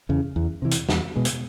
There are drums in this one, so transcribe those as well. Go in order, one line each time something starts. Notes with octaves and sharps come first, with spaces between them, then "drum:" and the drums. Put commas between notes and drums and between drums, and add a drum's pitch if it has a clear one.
E2 C#3
E2
C3 E3
drum: hi-hat
E2, drum: snare
B2 G#3
drum: hi-hat